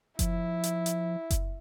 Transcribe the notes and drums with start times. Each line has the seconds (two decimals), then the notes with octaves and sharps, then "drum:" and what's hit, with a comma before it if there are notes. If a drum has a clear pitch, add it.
0.19 F3 E4, drum: kick F#1, hi-hat
0.64 drum: hi-hat
0.86 drum: hi-hat
1.30 drum: kick F#1, hi-hat